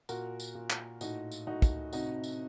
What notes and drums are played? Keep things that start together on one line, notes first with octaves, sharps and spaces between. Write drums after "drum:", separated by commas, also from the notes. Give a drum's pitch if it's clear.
A#2 F#4 A#4, drum: tambourine
drum: tambourine
A#2
drum: clap
A2 D#4 F#4, drum: tambourine
drum: tambourine
A2 D#4 F#4
drum: kick, tambourine
C3 D#4 F#4, drum: tambourine
drum: tambourine